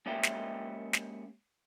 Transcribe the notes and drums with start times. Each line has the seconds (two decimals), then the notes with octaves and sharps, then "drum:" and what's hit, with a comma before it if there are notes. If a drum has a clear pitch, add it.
0.06 G#3 A#3 C#4 G4 E5 G5
0.23 drum: snare
0.93 drum: snare